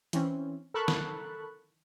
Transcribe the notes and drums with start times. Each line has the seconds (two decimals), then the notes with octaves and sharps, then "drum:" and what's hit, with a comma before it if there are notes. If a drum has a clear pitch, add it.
0.13 E3 C4 C#4, drum: hi-hat
0.74 A4 A#4 A5 B5 C#6 F#6
0.88 drum: snare